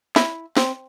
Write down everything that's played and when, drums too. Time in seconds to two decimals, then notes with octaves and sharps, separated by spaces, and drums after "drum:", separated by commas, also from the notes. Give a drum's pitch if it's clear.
0.16 E4, drum: snare
0.57 C4, drum: snare